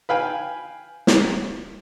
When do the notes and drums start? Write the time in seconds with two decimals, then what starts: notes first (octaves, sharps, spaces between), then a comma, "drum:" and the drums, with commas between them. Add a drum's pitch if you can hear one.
0.09 B4 F5 G5 G#5
1.07 drum: snare